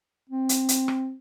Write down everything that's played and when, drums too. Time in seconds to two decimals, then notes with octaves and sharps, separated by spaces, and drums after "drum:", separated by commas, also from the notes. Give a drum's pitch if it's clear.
0.30 C4
0.49 drum: hi-hat
0.69 drum: hi-hat
0.88 drum: rim click